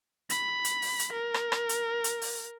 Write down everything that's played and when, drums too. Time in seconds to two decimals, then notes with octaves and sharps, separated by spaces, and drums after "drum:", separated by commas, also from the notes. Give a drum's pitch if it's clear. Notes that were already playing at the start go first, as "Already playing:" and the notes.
0.30 B5, drum: hi-hat
0.65 drum: hi-hat
0.82 drum: open hi-hat
0.99 drum: hi-hat
1.13 A#4
1.34 drum: rim click
1.52 drum: rim click
1.69 drum: hi-hat
2.04 drum: hi-hat
2.22 drum: open hi-hat